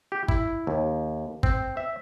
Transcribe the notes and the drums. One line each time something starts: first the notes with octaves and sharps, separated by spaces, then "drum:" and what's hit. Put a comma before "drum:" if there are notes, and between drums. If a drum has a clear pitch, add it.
G4
E4, drum: kick
D#2
C4, drum: kick
E5